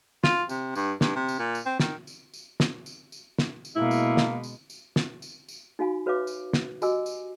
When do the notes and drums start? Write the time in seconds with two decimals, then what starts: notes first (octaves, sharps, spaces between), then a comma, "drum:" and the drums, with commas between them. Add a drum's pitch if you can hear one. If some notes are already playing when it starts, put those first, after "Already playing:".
0.24 F4, drum: snare
0.49 C3, drum: tambourine
0.75 G2, drum: tambourine
1.01 G2, drum: snare
1.16 C3
1.29 drum: tambourine
1.39 A#2
1.55 drum: tambourine
1.66 C4
1.80 D#3, drum: snare
2.07 drum: tambourine
2.34 drum: tambourine
2.60 drum: snare
2.86 drum: tambourine
3.12 drum: tambourine
3.39 drum: snare
3.65 drum: tambourine
3.76 B2 G#3 A#3 E4
3.91 drum: tambourine
4.17 drum: snare
4.43 drum: tambourine
4.70 drum: tambourine
4.96 drum: snare
5.22 drum: tambourine
5.48 drum: tambourine
5.79 D#4 F#4 F5 G#5 B5
6.06 F#4 B4 C#5 E5 F5 D6
6.27 drum: tambourine
6.53 drum: snare
6.82 F#4 G4 D#5 G#5 D6 E6, drum: tambourine
7.06 drum: tambourine